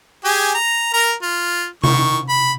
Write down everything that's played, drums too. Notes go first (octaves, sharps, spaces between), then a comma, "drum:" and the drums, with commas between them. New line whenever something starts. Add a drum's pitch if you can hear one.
G4 G#4 G#5
A#5
A#4 A#5
F4
D#3 C#6, drum: tom C3
B5